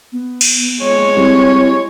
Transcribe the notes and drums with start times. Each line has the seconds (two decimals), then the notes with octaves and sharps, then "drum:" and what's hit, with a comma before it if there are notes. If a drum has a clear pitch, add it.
0.12 B3
0.41 drum: cymbal
0.81 G#3 C#5
1.16 G3 C4 E4 G4